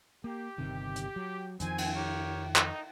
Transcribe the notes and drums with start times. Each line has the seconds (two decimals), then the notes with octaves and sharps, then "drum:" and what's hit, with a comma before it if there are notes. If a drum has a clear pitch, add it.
0.24 A#3 G4
0.58 G1 C3 D#3
0.96 drum: hi-hat
1.16 F#3
1.60 F2 D#3 F3 C4 G#5, drum: hi-hat
1.78 drum: cymbal
1.95 G4 A#4 C#5
2.56 D#4, drum: clap